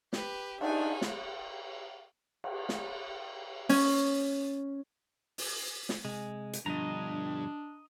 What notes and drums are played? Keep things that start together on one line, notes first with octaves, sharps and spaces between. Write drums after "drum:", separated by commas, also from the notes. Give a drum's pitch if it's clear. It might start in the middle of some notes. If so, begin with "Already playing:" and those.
G4 B4, drum: snare
D4 D#4 E5 G#5, drum: cymbal
drum: snare
drum: cymbal
drum: snare
C#4, drum: open hi-hat
drum: open hi-hat
drum: snare
C3 G#3 G#5
drum: hi-hat
G2 B2 D3 F3 D4 D#5 A#5